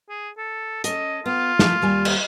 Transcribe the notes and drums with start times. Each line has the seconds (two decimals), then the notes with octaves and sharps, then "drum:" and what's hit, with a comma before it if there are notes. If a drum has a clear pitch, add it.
0.09 G#4
0.38 A4
0.84 C#4 A4 D#5, drum: hi-hat
1.26 B3 F4
1.59 E3 F3 A3, drum: snare
1.82 D#2 G3 G#5
2.05 drum: cymbal